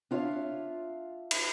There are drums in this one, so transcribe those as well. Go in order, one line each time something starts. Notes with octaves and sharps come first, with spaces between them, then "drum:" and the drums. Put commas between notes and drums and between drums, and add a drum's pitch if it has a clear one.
D4 F4 C#5 E5 F5
drum: cymbal